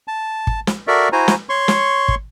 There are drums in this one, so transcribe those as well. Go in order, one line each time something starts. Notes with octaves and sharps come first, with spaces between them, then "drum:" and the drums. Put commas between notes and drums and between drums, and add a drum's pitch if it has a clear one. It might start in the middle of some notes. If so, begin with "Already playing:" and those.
A5
drum: kick
drum: snare
F#4 A4 A#4 D5 E5
E4 F#4 C5 G#5 A#5
drum: snare
C#5 C6 C#6
drum: snare
drum: kick